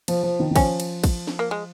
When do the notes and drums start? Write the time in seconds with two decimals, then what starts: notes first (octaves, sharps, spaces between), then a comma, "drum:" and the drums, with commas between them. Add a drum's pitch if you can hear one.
0.08 F3, drum: cymbal
0.23 F3
0.40 D#3
0.51 D#3
0.56 F3 C#4, drum: kick, cymbal
0.80 drum: cymbal
1.04 drum: kick, cymbal
1.27 drum: snare
1.39 A#3
1.51 G#3